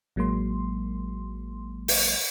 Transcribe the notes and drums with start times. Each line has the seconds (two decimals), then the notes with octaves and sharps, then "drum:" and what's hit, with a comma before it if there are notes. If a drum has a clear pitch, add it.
0.16 A1 F#3 G#3 A#3 C6
1.88 drum: open hi-hat